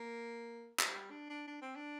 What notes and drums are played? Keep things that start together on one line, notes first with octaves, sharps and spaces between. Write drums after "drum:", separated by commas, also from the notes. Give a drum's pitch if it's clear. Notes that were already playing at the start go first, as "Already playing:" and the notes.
Already playing: A#3
drum: clap
G3
D4
D4
D4
C4
D4